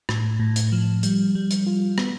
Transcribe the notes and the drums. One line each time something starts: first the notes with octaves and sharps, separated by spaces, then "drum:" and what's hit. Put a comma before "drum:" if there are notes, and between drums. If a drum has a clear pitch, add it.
A2, drum: rim click
A2
drum: hi-hat
F3
G3, drum: hi-hat
G3
drum: hi-hat
F4
B3, drum: rim click